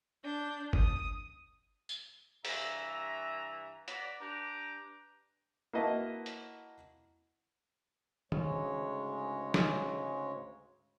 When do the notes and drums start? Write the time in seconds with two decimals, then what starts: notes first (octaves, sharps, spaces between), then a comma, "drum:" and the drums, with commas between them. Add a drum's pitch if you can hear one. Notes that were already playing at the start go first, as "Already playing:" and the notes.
0.24 D4 G6
0.73 D#6, drum: kick G1
1.89 drum: tambourine
2.45 G2 E3 E5 A#5, drum: open hi-hat
3.88 B4 D5 F#5 A#5 B5, drum: hi-hat
4.21 D4 G4 B4 A#5
5.73 A#3 E4 F#4 B4 D#5 A5
6.26 drum: hi-hat
8.32 D2 G#2 C#3 G#3 C#5, drum: tom
9.54 drum: snare